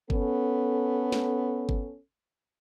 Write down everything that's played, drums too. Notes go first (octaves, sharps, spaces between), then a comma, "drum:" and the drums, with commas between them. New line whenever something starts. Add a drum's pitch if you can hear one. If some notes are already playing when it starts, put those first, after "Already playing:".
B3 C#4 A4, drum: kick G1
drum: snare
drum: kick G1